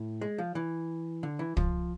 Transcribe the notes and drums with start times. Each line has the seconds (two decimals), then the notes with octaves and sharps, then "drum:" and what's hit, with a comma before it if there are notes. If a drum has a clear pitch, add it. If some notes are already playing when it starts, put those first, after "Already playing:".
Already playing: A2
0.21 G#3
0.38 F3
0.55 E3
1.23 D3
1.39 E3
1.57 F3, drum: kick